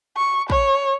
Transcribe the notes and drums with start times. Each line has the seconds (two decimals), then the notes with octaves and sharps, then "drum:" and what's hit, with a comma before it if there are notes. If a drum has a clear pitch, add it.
0.17 C#6
0.50 C#5, drum: kick